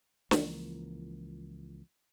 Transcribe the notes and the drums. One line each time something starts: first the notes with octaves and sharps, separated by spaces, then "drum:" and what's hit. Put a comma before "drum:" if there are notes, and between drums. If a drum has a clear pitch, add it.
C#2 E3 F3 A#3, drum: snare